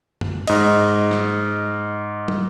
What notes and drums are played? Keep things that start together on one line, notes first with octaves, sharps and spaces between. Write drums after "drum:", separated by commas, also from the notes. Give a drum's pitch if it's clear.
drum: tom F#2
G#2 D#5, drum: cymbal
drum: snare
drum: tom